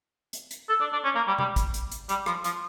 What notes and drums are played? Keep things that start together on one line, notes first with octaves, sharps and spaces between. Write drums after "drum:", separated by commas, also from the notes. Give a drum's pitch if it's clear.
drum: hi-hat
drum: hi-hat
A4
D4
D4
C#4
A#3
G3
G3, drum: tom C3
drum: kick, hi-hat
drum: hi-hat
drum: hi-hat
G3, drum: hi-hat
F3, drum: rim click
F3, drum: hi-hat